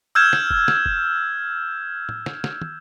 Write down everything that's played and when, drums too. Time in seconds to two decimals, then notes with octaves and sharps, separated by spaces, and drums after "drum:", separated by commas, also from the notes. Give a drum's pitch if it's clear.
0.15 E6 F6 G6 G#6 E7
0.33 drum: snare
0.50 drum: kick F1
0.68 drum: snare
0.86 drum: kick F1
2.09 drum: tom
2.26 drum: snare
2.44 drum: snare
2.62 drum: tom